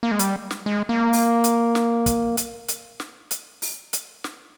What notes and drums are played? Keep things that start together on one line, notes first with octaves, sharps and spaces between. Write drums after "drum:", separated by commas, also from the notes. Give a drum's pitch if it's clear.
A#3
G#3
G3, drum: hi-hat
drum: snare
G#3
A#3
drum: open hi-hat
drum: hi-hat
drum: snare
drum: kick, hi-hat
drum: hi-hat
drum: hi-hat
drum: snare
drum: hi-hat
drum: open hi-hat
drum: hi-hat
drum: snare